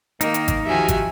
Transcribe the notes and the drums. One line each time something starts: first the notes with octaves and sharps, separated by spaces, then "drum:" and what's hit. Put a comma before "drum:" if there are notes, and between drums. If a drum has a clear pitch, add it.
D#3 A#3 D#4, drum: hi-hat
drum: hi-hat
drum: kick G#1, hi-hat
D#3 F3 F#4 G4 E5 G#5
drum: kick G#1, hi-hat